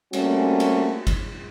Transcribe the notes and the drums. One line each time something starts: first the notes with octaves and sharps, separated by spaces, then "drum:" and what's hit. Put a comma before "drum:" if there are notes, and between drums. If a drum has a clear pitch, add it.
G3 A3 A#3 C4 C#4 F#4, drum: cymbal
drum: cymbal
drum: kick G1, cymbal